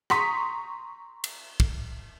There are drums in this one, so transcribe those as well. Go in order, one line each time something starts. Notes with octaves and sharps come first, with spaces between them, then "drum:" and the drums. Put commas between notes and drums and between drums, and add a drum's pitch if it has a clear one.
A#5 C6 C#6 D#6 B6, drum: rim click
drum: cymbal
drum: kick